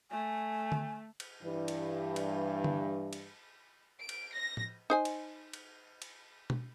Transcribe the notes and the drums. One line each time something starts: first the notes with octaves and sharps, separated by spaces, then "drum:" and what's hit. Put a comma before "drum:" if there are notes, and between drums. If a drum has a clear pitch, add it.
A3 G#5
drum: tom D3
drum: cymbal
G2 E3
drum: cymbal
drum: cymbal
drum: tom D3
drum: cymbal
D7
drum: cymbal
A#6
drum: tom A2
D#4 C5 G#5
drum: cymbal
drum: cymbal
drum: cymbal
drum: tom B2